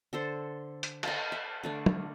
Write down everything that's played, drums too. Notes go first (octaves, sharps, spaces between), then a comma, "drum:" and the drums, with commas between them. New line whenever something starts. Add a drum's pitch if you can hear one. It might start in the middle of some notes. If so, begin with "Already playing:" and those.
D3 A4 C5
drum: hi-hat
A4 B4 D#5, drum: cymbal
E5
D3 A3 D4
drum: tom